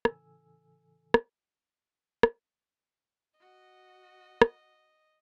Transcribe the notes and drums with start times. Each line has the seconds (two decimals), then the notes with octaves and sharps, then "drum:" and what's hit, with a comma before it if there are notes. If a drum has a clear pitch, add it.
0.05 A2 C#3 E3 A4 G#5 E6, drum: rim click
1.14 drum: rim click
2.23 drum: rim click
3.40 F#4 D#5
4.42 drum: rim click